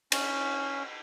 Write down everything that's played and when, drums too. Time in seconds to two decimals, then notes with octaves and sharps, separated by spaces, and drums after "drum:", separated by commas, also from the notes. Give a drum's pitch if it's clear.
0.12 C#4, drum: cymbal